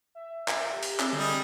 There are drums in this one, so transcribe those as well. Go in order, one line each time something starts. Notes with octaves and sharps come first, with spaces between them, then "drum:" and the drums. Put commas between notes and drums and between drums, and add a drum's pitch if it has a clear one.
E5
drum: clap
G4
drum: open hi-hat
C4, drum: clap
D3 G3 G#4 D#5